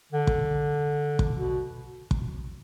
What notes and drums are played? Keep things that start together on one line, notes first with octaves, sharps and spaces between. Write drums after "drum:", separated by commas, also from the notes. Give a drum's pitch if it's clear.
D3
drum: kick
drum: kick
B2
drum: kick